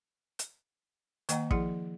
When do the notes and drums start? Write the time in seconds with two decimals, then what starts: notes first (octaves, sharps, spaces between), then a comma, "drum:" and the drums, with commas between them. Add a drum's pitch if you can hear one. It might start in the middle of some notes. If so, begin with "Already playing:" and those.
0.39 drum: hi-hat
1.29 D#3 A#3 D#5 F#5 G5 A#5, drum: hi-hat
1.51 F3 E4 G#4 F#5, drum: kick